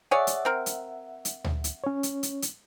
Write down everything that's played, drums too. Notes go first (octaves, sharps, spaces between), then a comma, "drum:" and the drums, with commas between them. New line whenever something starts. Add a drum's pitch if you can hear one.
G#4 C#5 D5 E5 F#5
drum: hi-hat
C4 A#4
drum: hi-hat
drum: hi-hat
drum: tom D2
drum: hi-hat
C#4 C#5
drum: hi-hat
drum: hi-hat
drum: hi-hat